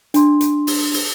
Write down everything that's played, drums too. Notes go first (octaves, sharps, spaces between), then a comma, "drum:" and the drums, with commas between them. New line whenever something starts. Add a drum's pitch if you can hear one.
D4 C6, drum: hi-hat
drum: hi-hat
drum: open hi-hat
drum: open hi-hat